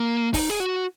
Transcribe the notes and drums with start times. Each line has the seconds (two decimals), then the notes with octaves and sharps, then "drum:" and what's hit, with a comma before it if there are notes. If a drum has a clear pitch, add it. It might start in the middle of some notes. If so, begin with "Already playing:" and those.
Already playing: A#3
0.34 D#4, drum: kick, open hi-hat
0.50 G#4
0.60 F#4